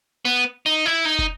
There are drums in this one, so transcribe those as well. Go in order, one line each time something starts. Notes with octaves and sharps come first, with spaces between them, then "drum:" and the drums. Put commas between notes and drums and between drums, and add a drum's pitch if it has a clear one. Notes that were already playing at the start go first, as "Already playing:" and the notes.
B3
D#4
E4
D#4
drum: kick